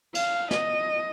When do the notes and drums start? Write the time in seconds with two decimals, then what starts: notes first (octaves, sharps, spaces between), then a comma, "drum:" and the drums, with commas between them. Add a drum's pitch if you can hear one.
0.15 F5, drum: cymbal
0.51 D#5, drum: snare